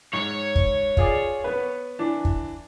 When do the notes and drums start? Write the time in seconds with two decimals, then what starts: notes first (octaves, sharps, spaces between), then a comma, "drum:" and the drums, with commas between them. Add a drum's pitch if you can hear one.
0.13 G#2 C#5
0.56 drum: kick
0.97 F4 G#4 D5, drum: kick
1.44 B3 B4
1.99 E3 D4
2.25 drum: kick